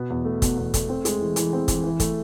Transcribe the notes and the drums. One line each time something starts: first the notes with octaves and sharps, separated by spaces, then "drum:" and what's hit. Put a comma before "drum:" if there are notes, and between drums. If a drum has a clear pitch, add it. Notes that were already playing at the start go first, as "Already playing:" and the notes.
Already playing: B2 B3
E2
A3
B2, drum: kick, hi-hat
E2
A3, drum: kick, hi-hat
C4
G#3, drum: hi-hat
E3
E3, drum: hi-hat
C4
E3, drum: kick, hi-hat
E3
A3, drum: kick, hi-hat